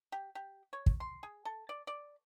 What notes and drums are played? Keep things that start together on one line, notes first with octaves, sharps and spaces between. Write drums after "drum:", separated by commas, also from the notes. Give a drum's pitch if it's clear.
G4
G4
C#5
drum: kick
C6
G#4
A4
D5
D5